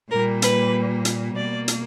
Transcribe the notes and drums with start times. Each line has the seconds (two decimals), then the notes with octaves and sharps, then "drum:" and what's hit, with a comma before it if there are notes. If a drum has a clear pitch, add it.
0.10 A#2 G3 A#3 A#4
0.42 B4, drum: hi-hat
1.05 drum: hi-hat
1.36 B2 A#3 D5
1.68 drum: hi-hat